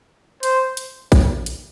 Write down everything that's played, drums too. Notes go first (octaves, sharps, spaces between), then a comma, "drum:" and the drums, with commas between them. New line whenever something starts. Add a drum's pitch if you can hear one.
C5, drum: hi-hat
drum: hi-hat
drum: kick, hi-hat
drum: hi-hat